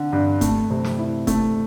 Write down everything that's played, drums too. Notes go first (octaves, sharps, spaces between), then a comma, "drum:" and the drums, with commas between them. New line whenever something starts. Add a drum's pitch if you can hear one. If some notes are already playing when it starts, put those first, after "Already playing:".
Already playing: D3
G2
A3, drum: kick F1, hi-hat
C3
drum: snare
E4
A3, drum: kick F1, hi-hat